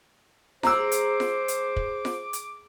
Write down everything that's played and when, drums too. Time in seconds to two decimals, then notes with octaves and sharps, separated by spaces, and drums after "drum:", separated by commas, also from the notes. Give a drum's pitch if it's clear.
0.63 G#3 C5 A#5 D6 E6, drum: snare F4
0.92 drum: hi-hat
1.20 drum: snare F4
1.48 drum: hi-hat
1.77 drum: kick
2.05 drum: snare F4
2.33 drum: hi-hat